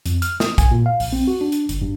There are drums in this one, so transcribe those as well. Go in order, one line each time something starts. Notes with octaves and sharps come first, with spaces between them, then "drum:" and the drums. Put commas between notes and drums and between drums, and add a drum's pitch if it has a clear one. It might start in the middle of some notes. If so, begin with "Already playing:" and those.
F2, drum: hi-hat
F6, drum: hi-hat
D#6, drum: snare
G#5, drum: kick, hi-hat
A#2
F5
A#1, drum: open hi-hat
C4
F#4
D4
drum: hi-hat
G1, drum: hi-hat
G2